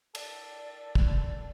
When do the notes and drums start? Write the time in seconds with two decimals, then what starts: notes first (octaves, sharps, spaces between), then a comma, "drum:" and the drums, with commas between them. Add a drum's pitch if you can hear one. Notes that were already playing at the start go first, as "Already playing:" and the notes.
0.15 A4 D5, drum: cymbal
0.95 drum: kick